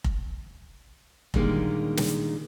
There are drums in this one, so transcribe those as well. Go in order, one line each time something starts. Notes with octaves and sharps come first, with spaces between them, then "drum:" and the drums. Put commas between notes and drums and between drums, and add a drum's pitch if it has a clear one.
drum: kick F1
A#2 D3 D#3 G3 G#3 A#3, drum: kick F1
drum: snare